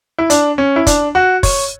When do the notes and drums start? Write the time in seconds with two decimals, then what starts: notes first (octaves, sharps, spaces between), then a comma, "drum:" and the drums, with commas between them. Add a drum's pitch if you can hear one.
0.18 E4
0.30 D4, drum: hi-hat
0.58 C#4
0.76 E4
0.87 D4, drum: kick, hi-hat
1.15 F#4
1.43 C#5, drum: kick, open hi-hat